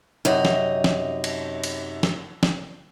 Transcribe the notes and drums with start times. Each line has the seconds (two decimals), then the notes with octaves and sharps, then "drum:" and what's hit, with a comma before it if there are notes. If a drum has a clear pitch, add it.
0.25 F#2 C3 D#4
0.45 drum: snare
0.84 drum: snare
1.24 drum: cymbal
1.64 drum: cymbal
2.03 drum: snare
2.43 drum: snare